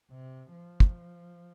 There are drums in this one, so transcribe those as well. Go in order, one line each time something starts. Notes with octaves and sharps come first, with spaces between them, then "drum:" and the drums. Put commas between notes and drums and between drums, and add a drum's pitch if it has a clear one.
C3
F3
drum: kick